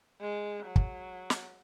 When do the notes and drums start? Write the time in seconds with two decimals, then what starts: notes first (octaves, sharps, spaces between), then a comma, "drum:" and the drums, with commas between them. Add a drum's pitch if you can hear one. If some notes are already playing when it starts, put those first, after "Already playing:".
0.21 G#3
0.66 F#3
0.76 drum: kick
1.30 drum: snare